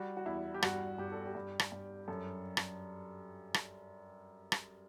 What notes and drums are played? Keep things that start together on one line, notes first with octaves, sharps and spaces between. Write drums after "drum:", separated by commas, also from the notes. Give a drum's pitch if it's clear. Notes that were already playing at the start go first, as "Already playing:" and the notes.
Already playing: G3 F#4
F#4
E2 E4
G4
G2 F#4, drum: rim click
G2 G4
A4
G4
G2
drum: rim click
G2
F#2 A4
drum: rim click
drum: rim click
drum: rim click